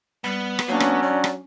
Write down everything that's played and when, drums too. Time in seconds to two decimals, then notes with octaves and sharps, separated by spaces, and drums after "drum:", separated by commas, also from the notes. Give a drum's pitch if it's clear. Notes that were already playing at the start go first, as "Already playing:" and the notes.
0.24 G3 B3
0.59 drum: rim click
0.69 F#3 A#3 C#4 D4
0.80 drum: rim click
1.02 D5
1.24 drum: rim click